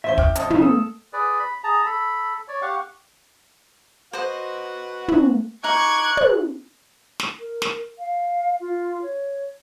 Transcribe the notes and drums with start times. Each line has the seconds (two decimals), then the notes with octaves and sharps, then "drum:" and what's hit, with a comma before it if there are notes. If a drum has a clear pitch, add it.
0.04 A1 C5 E5 G7
0.18 G5 D6 F6, drum: kick
0.35 G#1 D#5 A5, drum: hi-hat
0.50 B1 F2, drum: tom
0.62 A4 D#6
1.13 G#4 B4 D5
1.39 B5
1.64 G#4 A5 A#5
1.86 A4 B5
2.48 C#5 D5
2.62 G4 F5 F#5 C#6
4.13 F#4 B4 C5 D#5 F#5
5.08 drum: tom
5.64 D#4 C#6 D6 F#6 G#6
6.17 drum: tom
7.20 drum: snare
7.40 A#4
7.62 drum: snare
7.99 F5
8.60 F4
9.02 C#5